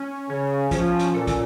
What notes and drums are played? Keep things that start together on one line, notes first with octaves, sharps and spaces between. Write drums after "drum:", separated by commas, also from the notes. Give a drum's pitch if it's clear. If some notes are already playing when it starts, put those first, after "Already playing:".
Already playing: C#4
C#3 C#4
F3 C#4, drum: kick, hi-hat
drum: hi-hat
A#2 A4
drum: kick, hi-hat